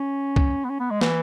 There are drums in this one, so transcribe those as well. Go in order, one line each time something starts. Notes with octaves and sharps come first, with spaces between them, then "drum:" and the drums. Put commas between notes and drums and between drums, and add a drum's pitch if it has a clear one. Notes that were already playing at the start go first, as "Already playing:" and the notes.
Already playing: C#4
drum: kick
B3
C#4
B3
G#3
E3, drum: snare